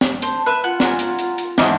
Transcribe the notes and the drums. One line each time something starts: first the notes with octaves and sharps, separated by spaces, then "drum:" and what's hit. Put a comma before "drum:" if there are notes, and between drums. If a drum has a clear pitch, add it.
drum: snare
C5 A5, drum: hi-hat
B4 E5 F#6
F4 F#5
A#4 F#5 G#5, drum: snare
drum: hi-hat
drum: hi-hat
drum: hi-hat
E2 G#2 D4 D#4 A5, drum: snare